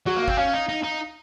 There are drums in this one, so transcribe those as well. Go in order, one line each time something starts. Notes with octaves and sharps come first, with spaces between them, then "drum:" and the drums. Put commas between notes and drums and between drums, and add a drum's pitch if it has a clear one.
F#3 F#4
A#3
F5
C4, drum: kick G1
C#4 F5
D#4
D#4
D#4